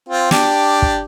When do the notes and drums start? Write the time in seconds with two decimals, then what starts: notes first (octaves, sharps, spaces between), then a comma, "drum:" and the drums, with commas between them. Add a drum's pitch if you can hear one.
0.09 C4 F4
0.31 D4 G4, drum: snare
0.82 drum: kick